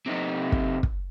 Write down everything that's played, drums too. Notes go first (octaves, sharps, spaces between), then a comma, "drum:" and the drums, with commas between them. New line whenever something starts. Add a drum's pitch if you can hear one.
C3 D#4
drum: kick
drum: kick